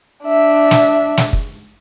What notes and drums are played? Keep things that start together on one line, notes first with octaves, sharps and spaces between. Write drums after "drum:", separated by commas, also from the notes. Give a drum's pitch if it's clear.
D4 E5
drum: snare
drum: snare
drum: kick